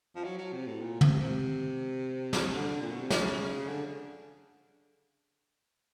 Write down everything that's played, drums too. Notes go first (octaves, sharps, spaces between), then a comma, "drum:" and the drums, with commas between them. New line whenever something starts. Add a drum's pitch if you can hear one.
F3
F#3
F#3
C3
A2
A#2
C3, drum: tom
C3
drum: snare
D3
A#2
B2
C3
C#3, drum: snare
D3